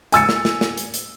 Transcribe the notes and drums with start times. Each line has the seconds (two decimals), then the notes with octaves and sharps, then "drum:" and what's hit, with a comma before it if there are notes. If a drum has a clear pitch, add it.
0.12 G#5 E6 A6 C#7, drum: hi-hat
0.29 drum: snare
0.45 drum: snare
0.61 drum: snare
0.77 drum: hi-hat
0.94 drum: hi-hat